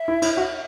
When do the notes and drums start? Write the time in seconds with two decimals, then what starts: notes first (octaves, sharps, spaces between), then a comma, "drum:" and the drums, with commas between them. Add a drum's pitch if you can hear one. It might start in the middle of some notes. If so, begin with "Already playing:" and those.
Already playing: E5
0.08 E4
0.22 E4, drum: cymbal
0.37 F#4